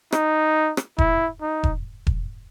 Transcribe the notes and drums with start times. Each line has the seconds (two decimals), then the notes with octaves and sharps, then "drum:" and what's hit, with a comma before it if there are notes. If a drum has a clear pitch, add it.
0.12 D#4, drum: rim click
0.77 drum: rim click
0.98 E4, drum: kick E1
1.42 D#4
1.63 drum: kick E1
2.07 drum: kick E1